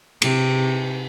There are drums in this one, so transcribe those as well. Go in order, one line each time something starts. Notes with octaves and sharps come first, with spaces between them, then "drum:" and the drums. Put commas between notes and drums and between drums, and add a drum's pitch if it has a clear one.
C3, drum: cymbal